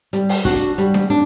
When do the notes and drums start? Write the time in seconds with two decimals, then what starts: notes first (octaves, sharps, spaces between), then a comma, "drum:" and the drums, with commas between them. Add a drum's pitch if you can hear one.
0.13 G3, drum: hi-hat
0.29 drum: open hi-hat
0.45 D4 F#4, drum: kick, hi-hat
0.62 drum: hi-hat
0.78 G3, drum: hi-hat
0.94 drum: snare D4
1.10 D4